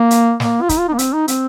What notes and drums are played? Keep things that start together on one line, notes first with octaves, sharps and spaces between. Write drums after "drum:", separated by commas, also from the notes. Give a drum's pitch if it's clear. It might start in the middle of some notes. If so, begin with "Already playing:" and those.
Already playing: A#3
drum: hi-hat
A#3, drum: snare
F4
D#4, drum: kick, hi-hat
F4
D#4
A#3
C4, drum: hi-hat
D#4
C4, drum: hi-hat